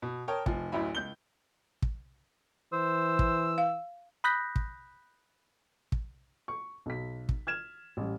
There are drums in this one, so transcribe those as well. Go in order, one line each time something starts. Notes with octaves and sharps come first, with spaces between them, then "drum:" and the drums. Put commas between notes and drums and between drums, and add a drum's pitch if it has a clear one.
B2
A#4 C#5 G5 A5 D#6
F1 F3, drum: kick
A1 D2 F#3 E4 B5
C#2 G6 G7
drum: kick
E3 C5 E6
drum: kick
F5
B5 D#6 F#6 G6 A#6 B6
drum: kick
drum: kick
C#6
B1 B6
drum: kick
F6 G#6 E7
A1 G3